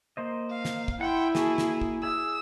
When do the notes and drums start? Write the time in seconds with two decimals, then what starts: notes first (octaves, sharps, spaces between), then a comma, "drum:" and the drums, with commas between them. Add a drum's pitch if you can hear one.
0.17 A#3 C5 D#5
0.51 F5
0.65 drum: snare
0.88 drum: kick
1.01 E4 F#5 G5 B5 C6
1.35 A#3 F#4 G#4 A5, drum: snare
1.58 drum: snare
1.81 drum: kick
2.03 G#4 E5 D#6 E6